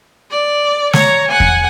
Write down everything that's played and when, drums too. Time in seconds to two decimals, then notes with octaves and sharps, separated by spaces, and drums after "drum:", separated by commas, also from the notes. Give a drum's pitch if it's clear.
0.31 D5
0.93 C#5 A#5, drum: snare
1.29 F#5 G#5
1.40 drum: kick E2